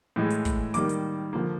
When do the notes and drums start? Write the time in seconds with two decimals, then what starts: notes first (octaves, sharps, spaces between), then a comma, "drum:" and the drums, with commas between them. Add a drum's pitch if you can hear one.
0.16 A2 E3 G#3
0.30 drum: hi-hat
0.45 drum: kick, hi-hat
0.74 D#3 G3 A#3 D6, drum: hi-hat
0.89 drum: hi-hat
1.33 D3 F3 A#3